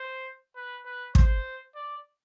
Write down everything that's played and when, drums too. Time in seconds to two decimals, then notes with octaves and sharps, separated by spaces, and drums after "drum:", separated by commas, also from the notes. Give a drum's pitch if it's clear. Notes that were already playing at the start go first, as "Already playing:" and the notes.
Already playing: C5
0.56 B4
0.85 B4
1.15 C5, drum: kick
1.75 D5